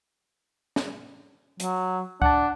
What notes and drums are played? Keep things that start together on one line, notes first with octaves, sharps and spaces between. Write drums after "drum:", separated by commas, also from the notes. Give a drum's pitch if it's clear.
drum: snare
F#3, drum: hi-hat
D4 F#5 A5, drum: kick C#2